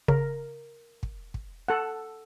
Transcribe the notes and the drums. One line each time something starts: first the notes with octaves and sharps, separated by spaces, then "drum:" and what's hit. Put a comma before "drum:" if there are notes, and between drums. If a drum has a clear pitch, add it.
C#3 A#4, drum: kick
drum: kick
drum: kick
A4 F#5